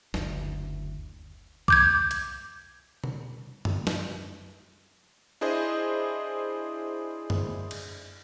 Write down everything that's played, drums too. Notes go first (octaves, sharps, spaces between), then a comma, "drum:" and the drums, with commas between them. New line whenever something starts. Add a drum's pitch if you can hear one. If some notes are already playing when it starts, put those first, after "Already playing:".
F#1 D2, drum: snare
D6 G6 G#6, drum: kick C2
drum: hi-hat
drum: tom B2
drum: tom F#2
drum: snare
D4 E4 G#4 C5 D#5
drum: tom F#2
drum: cymbal